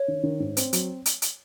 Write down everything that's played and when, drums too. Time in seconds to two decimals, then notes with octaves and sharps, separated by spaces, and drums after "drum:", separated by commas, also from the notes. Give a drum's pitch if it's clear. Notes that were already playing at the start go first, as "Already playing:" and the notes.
Already playing: C#5
0.08 D#3
0.24 D#3
0.40 G#2
0.57 C4, drum: hi-hat
0.73 F#3, drum: hi-hat
1.06 drum: hi-hat
1.22 drum: hi-hat